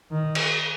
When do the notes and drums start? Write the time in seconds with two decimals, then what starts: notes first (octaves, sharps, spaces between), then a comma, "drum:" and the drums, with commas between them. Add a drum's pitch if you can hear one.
0.11 D#3
0.35 drum: cymbal